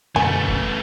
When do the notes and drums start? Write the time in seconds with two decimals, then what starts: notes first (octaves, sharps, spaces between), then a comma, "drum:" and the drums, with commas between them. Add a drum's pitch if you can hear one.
0.16 F#2 B2 D3 A3 B3 G#5
0.47 drum: kick